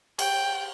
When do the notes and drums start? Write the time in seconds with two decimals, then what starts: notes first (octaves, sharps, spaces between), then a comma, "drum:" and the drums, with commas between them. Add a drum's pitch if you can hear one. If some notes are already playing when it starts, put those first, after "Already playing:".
0.19 G5, drum: cymbal